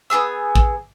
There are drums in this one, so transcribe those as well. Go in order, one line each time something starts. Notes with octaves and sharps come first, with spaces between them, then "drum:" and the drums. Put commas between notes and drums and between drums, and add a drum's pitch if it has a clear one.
B3 F4 G#4 E6
drum: kick